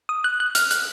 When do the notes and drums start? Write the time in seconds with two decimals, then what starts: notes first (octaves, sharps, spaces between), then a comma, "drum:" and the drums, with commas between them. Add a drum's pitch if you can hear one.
0.09 D#6
0.24 F#6
0.40 F#6
0.55 F6, drum: hi-hat
0.71 F#6, drum: hi-hat